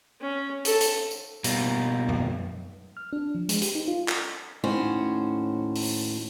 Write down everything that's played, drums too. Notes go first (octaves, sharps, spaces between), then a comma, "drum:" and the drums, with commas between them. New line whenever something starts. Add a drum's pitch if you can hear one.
C#4
A4, drum: hi-hat
drum: hi-hat
drum: tambourine
B2 G3 A#3, drum: hi-hat
drum: tom F#2
F6
D4
F3
G#3, drum: hi-hat
G4, drum: hi-hat
D#4
F4
drum: clap
D#2 A2 C#4 F#4 C5
drum: open hi-hat